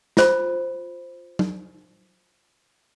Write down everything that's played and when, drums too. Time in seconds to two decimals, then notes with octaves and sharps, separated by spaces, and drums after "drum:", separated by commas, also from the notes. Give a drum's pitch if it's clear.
0.17 F4 C5 B5, drum: snare
1.39 drum: tom F#3